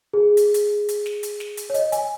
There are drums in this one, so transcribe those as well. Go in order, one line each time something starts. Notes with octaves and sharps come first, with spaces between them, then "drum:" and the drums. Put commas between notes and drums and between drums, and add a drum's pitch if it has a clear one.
G#4
drum: hi-hat
drum: hi-hat
drum: hi-hat
drum: snare
drum: hi-hat
drum: snare
drum: hi-hat
C#5
D#5, drum: hi-hat
G#5, drum: hi-hat